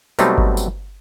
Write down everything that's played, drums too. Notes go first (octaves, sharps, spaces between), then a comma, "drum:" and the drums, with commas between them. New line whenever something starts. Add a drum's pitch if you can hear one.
B2 F#3 G3 A3 C4 D#4, drum: tambourine
drum: kick G1
drum: tambourine